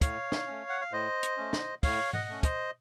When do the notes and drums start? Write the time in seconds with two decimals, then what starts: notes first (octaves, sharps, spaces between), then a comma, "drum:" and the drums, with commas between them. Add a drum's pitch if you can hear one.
0.01 A2 C#5 F5, drum: kick, hi-hat
0.32 drum: snare
0.47 A3 C#4
0.69 F#5
0.81 F5
0.92 A2 C5 D#5
1.23 drum: hi-hat
1.37 A3 C#4
1.53 drum: snare
1.83 A2 C#5 F5, drum: kick, open hi-hat
2.13 D#5 F#5, drum: tom G#2
2.29 A3 C#4
2.43 C5 D#5, drum: kick, hi-hat